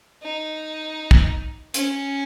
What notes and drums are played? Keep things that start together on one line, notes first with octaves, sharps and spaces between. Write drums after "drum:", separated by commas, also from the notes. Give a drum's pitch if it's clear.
D#4
drum: kick
C#4, drum: hi-hat